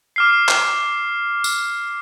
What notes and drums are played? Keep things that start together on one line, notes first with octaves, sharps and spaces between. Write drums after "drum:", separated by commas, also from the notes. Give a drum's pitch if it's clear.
D6 F6 C7
drum: clap
drum: tambourine